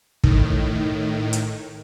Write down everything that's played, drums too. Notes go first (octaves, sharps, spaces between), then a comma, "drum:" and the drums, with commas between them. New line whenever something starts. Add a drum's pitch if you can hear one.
A2 D#3, drum: kick
drum: hi-hat